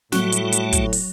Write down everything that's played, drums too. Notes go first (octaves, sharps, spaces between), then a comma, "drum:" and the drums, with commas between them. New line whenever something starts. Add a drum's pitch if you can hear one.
A2 F#3 G3 A3 F#4, drum: snare
drum: hi-hat
drum: hi-hat
drum: kick, hi-hat
drum: open hi-hat